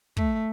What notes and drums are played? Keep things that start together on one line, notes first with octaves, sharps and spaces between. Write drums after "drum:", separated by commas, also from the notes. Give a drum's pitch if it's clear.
A3, drum: kick